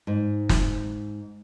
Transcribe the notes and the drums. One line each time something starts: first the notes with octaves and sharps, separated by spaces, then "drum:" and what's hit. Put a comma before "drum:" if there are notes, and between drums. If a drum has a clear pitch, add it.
G#2
drum: snare